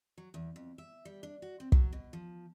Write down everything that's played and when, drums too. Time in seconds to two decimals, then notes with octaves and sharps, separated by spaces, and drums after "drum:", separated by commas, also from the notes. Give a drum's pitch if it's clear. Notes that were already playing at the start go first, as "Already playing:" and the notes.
0.18 F#3
0.34 E2
0.56 F2
0.78 E5
1.05 G3
1.23 D4
1.42 F#4
1.60 C4
1.72 F#3, drum: kick
1.93 B2
2.13 F3